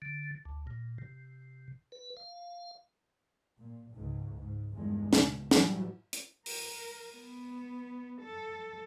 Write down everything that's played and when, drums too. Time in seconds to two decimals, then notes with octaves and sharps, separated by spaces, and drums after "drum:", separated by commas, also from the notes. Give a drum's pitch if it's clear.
0.02 D3
0.45 D2
0.67 A#2
0.98 C3
1.92 B4
2.17 F5
3.58 A#2
3.93 C#2 G#2
4.36 G#2
4.73 E2 G2 D#3 G#3
5.13 C#2 B2, drum: snare
5.51 A2 E3 F#3 G3, drum: snare
6.13 drum: hi-hat
6.46 A#4, drum: open hi-hat
7.15 B3
8.22 A4